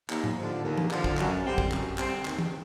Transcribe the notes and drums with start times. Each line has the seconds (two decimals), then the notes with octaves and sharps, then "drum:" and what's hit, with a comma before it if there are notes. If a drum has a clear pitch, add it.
0.10 D#2, drum: clap
0.24 drum: tom A2
0.37 D3 F3
0.64 D#2
0.77 drum: tom E3
0.91 D3 F3, drum: clap
1.04 drum: kick A1
1.18 F#2, drum: clap
1.45 D3 G3 C4
1.58 drum: kick A1
1.72 F#2, drum: clap
1.98 D3 G3 C4, drum: clap
2.25 D#2, drum: clap
2.38 drum: tom E3